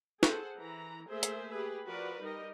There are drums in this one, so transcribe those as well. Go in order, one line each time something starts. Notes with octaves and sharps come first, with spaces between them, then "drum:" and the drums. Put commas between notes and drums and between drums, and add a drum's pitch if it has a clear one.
G#4 A4 C5 F#5, drum: snare
E3 A#5
A3 A#3 G#4 A#4 C5 E5
drum: hi-hat
G4 G#4 B4
F3 F#4 A#4 B4 D5
G3 D#4 A#4 D#5